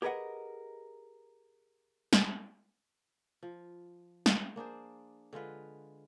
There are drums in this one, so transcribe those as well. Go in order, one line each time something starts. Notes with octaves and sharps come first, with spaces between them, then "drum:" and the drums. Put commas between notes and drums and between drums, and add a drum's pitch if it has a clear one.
G4 G#4 A#4 B4 D#5 F#5
drum: snare
F3
drum: snare
A#3 D4 G#4 C5
D3 G#3 F4 B4